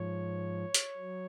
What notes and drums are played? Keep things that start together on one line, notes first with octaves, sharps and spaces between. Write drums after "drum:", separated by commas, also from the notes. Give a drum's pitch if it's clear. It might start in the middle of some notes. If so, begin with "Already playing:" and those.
Already playing: G#2 F3 C#5
drum: hi-hat
F#3